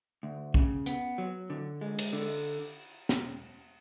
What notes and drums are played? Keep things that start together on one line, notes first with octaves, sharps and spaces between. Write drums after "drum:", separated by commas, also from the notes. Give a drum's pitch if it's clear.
D2
C#3, drum: kick
B3, drum: hi-hat
F#3
D3
G#3
drum: cymbal
D3
drum: snare